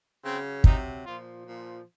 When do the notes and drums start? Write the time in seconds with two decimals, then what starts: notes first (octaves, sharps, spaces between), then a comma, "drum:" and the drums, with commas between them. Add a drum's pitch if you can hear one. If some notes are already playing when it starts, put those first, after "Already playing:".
0.24 C#3 F#3 C4
0.64 C3 F#3 D#4, drum: kick
1.04 A#2 F3 F4
1.44 A#2 F3